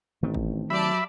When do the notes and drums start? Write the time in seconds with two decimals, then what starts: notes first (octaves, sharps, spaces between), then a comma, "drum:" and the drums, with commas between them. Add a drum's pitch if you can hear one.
0.23 A1 D#3 A3 C4
0.34 drum: kick
0.70 F#3 G4 D5 E5 A5 B5